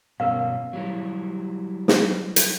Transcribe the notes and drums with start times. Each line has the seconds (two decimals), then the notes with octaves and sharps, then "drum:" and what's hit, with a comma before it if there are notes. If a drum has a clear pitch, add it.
0.20 G2 B2 C#4 A#4 B4 F5
0.73 F#3 G3 E4
1.88 drum: snare
2.36 drum: hi-hat